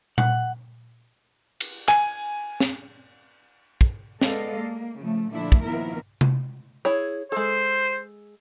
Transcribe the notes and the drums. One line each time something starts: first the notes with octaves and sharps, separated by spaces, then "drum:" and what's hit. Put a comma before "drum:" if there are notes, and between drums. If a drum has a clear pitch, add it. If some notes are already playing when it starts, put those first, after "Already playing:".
F#5, drum: tom A#2
drum: cymbal
G#5, drum: clap
drum: snare
drum: kick
G#3 B3 A4 D5 D#5 F5, drum: snare
A#3
C#3 F3 A3
A#2 D3 F3 A3 D4 E4
drum: kick
D#3 F3 A#3 B3 E4 A#4
drum: tom C3
E4 G#4 C#5
G#3 A4 C5